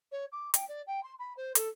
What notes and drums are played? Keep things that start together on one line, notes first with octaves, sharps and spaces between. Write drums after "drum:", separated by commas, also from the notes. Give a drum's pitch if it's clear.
C#5
D6
G5, drum: hi-hat
D5
G5
C6
B5
C5
A4, drum: hi-hat